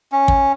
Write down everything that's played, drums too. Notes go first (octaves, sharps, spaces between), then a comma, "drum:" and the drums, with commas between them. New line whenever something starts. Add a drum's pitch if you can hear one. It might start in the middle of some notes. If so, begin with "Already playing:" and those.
C#4
drum: kick